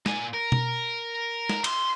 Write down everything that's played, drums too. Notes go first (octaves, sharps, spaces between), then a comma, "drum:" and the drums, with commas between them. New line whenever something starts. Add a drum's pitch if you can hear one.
A#2 G#5, drum: snare
A#4
drum: tom B2
drum: snare
C6, drum: cymbal